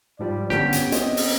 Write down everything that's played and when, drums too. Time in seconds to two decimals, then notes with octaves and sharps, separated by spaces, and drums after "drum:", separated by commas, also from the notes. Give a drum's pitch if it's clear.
0.19 G#2 F3 G3 D5
0.50 G2 D3 B3 C#4 G4, drum: snare
0.73 drum: hi-hat
0.92 C4 D#5, drum: hi-hat
1.17 drum: open hi-hat